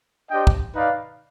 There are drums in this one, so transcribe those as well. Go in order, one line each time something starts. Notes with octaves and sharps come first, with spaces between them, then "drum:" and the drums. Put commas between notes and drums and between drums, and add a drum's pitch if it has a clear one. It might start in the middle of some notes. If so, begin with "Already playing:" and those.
D4 G4 C5 D#5 G5
drum: kick
D#4 B4 D5 F5